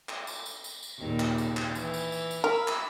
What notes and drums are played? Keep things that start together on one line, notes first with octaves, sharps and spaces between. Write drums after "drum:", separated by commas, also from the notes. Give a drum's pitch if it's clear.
drum: clap
drum: tambourine
drum: tambourine
drum: tambourine
drum: tambourine
D#2 A#2 C#3
drum: clap
drum: tambourine
drum: clap
E3, drum: tambourine
drum: tambourine
drum: tambourine
drum: tambourine
A#4 B5 E6
drum: clap